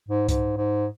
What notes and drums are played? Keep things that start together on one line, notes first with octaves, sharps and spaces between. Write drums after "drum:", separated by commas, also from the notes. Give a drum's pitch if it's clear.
G#2
G#2, drum: kick C2, hi-hat
G#2